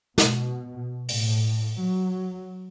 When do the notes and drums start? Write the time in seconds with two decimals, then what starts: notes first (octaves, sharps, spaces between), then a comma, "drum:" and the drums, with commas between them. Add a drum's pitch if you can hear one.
0.18 B2, drum: snare
1.09 A2, drum: open hi-hat
1.80 F#3